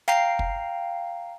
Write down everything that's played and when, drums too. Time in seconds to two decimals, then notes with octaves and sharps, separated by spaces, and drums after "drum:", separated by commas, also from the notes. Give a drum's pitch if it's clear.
0.08 F5 G5 A#5 C7, drum: snare
0.39 drum: kick